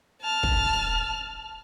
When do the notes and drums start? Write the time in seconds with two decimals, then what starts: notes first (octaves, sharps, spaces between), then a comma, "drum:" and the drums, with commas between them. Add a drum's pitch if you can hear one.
0.21 A5 F6
0.43 drum: kick